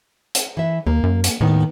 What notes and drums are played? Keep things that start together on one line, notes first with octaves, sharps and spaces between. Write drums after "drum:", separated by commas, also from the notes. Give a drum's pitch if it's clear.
drum: hi-hat
E3 E5
D#2 A#3
F#2
drum: hi-hat
D#2 A2 D#3 B3